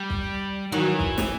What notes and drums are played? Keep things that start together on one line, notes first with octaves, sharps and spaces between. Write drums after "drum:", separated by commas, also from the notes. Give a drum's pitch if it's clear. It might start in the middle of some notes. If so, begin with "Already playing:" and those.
Already playing: G3
drum: kick
D#3 E3 F#3
drum: kick
drum: snare